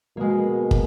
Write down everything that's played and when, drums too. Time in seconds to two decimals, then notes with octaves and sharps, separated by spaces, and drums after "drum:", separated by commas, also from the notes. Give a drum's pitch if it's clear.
0.17 B2 G#3 A#3
0.71 drum: kick